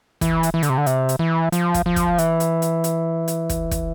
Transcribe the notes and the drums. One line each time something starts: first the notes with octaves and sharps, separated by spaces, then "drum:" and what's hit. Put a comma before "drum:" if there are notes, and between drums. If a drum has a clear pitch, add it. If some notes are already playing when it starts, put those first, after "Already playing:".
E3, drum: kick, hi-hat
drum: hi-hat
E3
D3, drum: hi-hat
C3
D3
C3, drum: hi-hat
drum: hi-hat
E3
F3, drum: hi-hat
drum: kick, hi-hat
F3
drum: kick, hi-hat
E3, drum: hi-hat
drum: hi-hat
drum: hi-hat
drum: hi-hat
drum: hi-hat
drum: kick, hi-hat
drum: kick, hi-hat